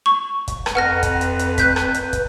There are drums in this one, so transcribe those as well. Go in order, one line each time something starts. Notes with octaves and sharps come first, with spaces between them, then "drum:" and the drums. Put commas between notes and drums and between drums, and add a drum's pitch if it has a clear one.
C#6
drum: kick, hi-hat
drum: rim click
F2 B4 F#5 F6 A#6
drum: kick, hi-hat
drum: hi-hat
drum: hi-hat
F#6 G6 B6, drum: kick, hi-hat
drum: rim click
drum: hi-hat
drum: kick, hi-hat